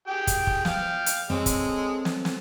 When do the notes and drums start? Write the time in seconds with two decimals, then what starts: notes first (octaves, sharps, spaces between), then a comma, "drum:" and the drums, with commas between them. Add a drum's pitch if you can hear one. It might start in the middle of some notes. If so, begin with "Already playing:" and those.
0.07 G4 G#4 G5
0.27 drum: kick, hi-hat
0.47 drum: kick
0.65 F5 G5, drum: snare
1.06 drum: hi-hat
1.30 G#3 C4 A4 C#5
1.46 drum: kick, hi-hat
2.05 drum: snare
2.25 drum: snare